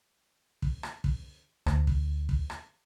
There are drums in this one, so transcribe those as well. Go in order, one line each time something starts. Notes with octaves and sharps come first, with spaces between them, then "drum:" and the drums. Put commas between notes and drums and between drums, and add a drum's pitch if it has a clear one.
drum: kick
drum: rim click
drum: kick
D2, drum: rim click
drum: kick
drum: kick
drum: rim click